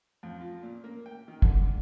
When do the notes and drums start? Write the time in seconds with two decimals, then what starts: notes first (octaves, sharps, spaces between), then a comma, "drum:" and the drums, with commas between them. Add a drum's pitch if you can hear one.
0.23 F2
0.41 F3
0.63 A#2
0.84 A#3
1.06 G5
1.28 D#3
1.42 D3, drum: kick